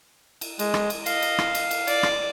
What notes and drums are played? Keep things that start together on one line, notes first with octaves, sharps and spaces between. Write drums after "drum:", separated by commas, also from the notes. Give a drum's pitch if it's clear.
drum: cymbal
G#3, drum: cymbal
drum: rim click
drum: cymbal
D#5 F5, drum: cymbal
drum: cymbal
drum: rim click
drum: cymbal
drum: cymbal
D5, drum: cymbal
drum: rim click